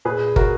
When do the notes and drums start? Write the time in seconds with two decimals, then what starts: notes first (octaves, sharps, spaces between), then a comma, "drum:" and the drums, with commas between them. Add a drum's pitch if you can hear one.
0.05 A#2 G#4 B4
0.36 F#4 A#4, drum: kick